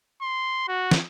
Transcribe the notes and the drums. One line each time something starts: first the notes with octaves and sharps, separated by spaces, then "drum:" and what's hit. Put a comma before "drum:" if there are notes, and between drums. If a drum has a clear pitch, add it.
C6
F#4
drum: snare